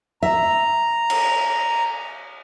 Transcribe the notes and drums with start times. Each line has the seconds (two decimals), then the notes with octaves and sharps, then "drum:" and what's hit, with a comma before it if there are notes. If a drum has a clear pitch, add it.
0.23 E5 A#5
1.10 drum: cymbal